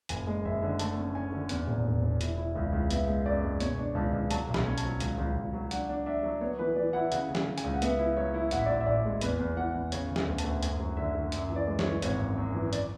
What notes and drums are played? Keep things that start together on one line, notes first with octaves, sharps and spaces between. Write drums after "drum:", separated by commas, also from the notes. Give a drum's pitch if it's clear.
F#1 G#5, drum: hi-hat
G#3
F#1 E5
D3
A3 A5, drum: hi-hat
C#4
C#4 G#5
D3
E2, drum: hi-hat
E1
E1
E1
E4, drum: hi-hat
E4
C#2
C#2
B3 E5, drum: hi-hat
G#3
F#2 D5
G#3
B2 C#5, drum: hi-hat
D4
C#2 A5
C#2
F#3 A5, drum: hi-hat
B1
B5, drum: snare
C#4
A5, drum: hi-hat
F#3
C#2, drum: hi-hat
C#2
C#2
F#3
D4 F#5, drum: hi-hat
D4
D4 E5
F#3
B3 C#5
E3 B4
E3 D5
E4 F#5
C#3 F#5, drum: hi-hat
C#3
G#5, drum: snare
C#3
G#5, drum: hi-hat
C#2
F#5
B3 E5, drum: hi-hat
E4
F#3 C#5
E4
A1 F#5, drum: hi-hat
E5
D5
A1 E5
E5
A1 D5
G#3
E2 B4, drum: hi-hat
E2
E3 F#5
E2
C#3 C#5, drum: hi-hat
C#3
G#5, drum: snare
D2
A5, drum: hi-hat
D2
F#2 G#5, drum: hi-hat
F#3
D3 E5
D3
F#2 E5, drum: hi-hat
E3
D5
G#3
C#5, drum: snare
E3
G#1 C#5, drum: hi-hat
F#2
F#2
E3
D5, drum: hi-hat